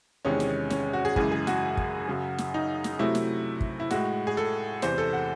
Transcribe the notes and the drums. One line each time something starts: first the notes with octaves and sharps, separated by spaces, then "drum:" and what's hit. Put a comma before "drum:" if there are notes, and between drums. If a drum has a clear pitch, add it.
E2 C3 D#3 G#3 C#4
drum: snare
C#4, drum: snare
F#4
G#4
F#2 C#3 E3 G#3 G#4, drum: kick
G#4
F#4, drum: snare
drum: kick
F#2 C#3 F#3
drum: snare
D#4
drum: snare
C3 F#3 A3 E4
drum: snare
drum: kick
E4
A2 G#3 F#4, drum: snare
G#4
A4
E2 C3 E3 C5, drum: snare
A4
F#5